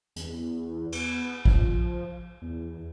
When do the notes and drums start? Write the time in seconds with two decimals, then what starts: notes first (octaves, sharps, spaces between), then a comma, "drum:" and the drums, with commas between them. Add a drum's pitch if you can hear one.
0.16 E2, drum: hi-hat
0.92 B3, drum: cymbal
1.45 F3, drum: kick A#1
2.42 E2